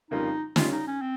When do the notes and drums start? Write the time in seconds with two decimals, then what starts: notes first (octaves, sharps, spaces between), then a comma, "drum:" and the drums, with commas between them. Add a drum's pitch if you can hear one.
0.11 F2 C#3 G3 A#3 D#4 F4
0.56 C#3 G3 C#4 F4, drum: snare
0.72 D#4
0.87 C#4
1.02 C4